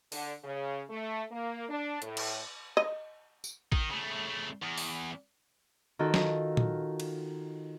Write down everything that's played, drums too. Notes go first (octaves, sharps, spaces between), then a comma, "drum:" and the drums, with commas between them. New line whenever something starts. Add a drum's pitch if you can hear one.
D3, drum: open hi-hat
C#3
A3
A#3
D4
A2, drum: hi-hat
drum: cymbal
D#5
drum: tambourine
D#3 D#4, drum: kick
C#3 A3
E2
drum: open hi-hat
D#3 F4 F#4 A4
drum: snare
drum: tom A#2
drum: cymbal